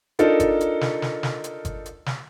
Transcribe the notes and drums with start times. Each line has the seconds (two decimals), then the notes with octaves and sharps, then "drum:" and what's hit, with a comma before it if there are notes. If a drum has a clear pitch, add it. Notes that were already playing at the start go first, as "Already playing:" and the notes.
0.19 D4 D#4 F4 A4 A#4, drum: hi-hat
0.40 drum: kick G1, hi-hat
0.61 drum: hi-hat
0.81 drum: snare
1.02 drum: snare
1.23 drum: snare
1.44 drum: hi-hat
1.65 drum: kick G1, hi-hat
1.86 drum: hi-hat
2.06 drum: snare